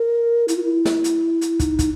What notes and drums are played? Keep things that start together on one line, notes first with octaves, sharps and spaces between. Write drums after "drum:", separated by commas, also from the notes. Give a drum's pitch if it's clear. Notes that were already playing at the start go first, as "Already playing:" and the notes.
Already playing: A#4
E4, drum: hi-hat
F4
E4
drum: snare
drum: hi-hat
drum: hi-hat
D#4, drum: kick, hi-hat
drum: kick, hi-hat